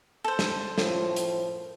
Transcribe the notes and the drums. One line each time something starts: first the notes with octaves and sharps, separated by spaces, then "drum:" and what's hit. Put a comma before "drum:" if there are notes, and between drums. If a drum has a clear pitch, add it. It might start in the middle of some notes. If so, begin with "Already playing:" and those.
A4 C5
drum: snare
F#2 A2 F3, drum: snare
drum: hi-hat